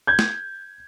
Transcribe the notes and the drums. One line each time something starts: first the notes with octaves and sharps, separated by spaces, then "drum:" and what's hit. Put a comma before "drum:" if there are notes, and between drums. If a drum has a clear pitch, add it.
G6 G#6
drum: snare